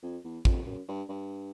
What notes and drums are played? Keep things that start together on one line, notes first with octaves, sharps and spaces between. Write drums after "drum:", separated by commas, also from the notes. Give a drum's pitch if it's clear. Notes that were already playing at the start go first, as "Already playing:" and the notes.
F2
E2
F2, drum: kick
F#2
G2
G2